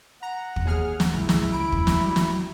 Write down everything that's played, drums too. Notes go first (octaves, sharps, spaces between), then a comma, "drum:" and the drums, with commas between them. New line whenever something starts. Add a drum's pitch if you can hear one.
F#5 A#5
drum: kick
D#2 G#4 F6
drum: snare
G#1 C#2 E4
drum: snare
C#2 B5 D7
drum: kick
drum: snare
F#3 G3
drum: snare